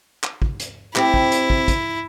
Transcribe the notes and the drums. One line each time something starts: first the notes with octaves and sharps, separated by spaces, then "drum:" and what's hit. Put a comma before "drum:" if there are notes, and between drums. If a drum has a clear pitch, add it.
drum: clap
drum: kick
drum: hi-hat
C4 E4 G4, drum: clap
drum: kick
drum: hi-hat
drum: kick
drum: kick, hi-hat